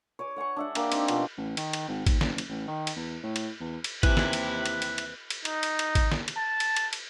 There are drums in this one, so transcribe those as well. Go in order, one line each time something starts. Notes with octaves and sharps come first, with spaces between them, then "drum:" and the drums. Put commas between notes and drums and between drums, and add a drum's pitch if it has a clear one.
C#5 G#5 D6
C#5 F#5 G#5 C#6
D4 E5 F#5
A#3 D4 G4, drum: cymbal
C4 D#4 G4, drum: cymbal
B2 F3, drum: cymbal
A1
D#3, drum: cymbal
drum: cymbal
G#1
D#2, drum: kick A1, cymbal
F#1, drum: snare
drum: cymbal
A1
D#3
drum: cymbal
E2
A2
drum: cymbal
E2
drum: cymbal
D#2 C3 E3 E4 G4 B4 F#6, drum: kick A1, cymbal
drum: snare
drum: cymbal
drum: cymbal
drum: cymbal
drum: cymbal
drum: cymbal
D#4, drum: cymbal
drum: cymbal
drum: cymbal
drum: kick A1, cymbal
drum: snare
drum: cymbal
A5
drum: cymbal
drum: cymbal
drum: cymbal